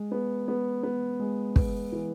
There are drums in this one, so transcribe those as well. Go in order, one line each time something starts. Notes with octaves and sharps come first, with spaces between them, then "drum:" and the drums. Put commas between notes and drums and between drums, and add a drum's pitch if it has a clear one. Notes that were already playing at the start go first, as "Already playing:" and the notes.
Already playing: G#3
B3
B3
B3
G#3
B3, drum: kick
E3